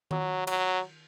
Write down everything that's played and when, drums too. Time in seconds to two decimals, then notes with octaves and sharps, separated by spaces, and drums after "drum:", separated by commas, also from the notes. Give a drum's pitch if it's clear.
0.11 F#3, drum: tom D#3
0.47 F#3, drum: cymbal